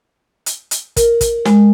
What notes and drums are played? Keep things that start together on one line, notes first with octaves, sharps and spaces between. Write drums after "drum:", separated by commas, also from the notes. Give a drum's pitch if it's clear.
drum: hi-hat
drum: hi-hat
A#4, drum: kick, hi-hat
drum: kick, hi-hat
G#3, drum: snare